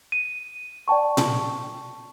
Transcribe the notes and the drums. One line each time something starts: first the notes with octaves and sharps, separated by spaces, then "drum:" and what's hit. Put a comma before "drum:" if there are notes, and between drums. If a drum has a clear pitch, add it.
D#7
D5 G5 A5 C#6
drum: tom A#2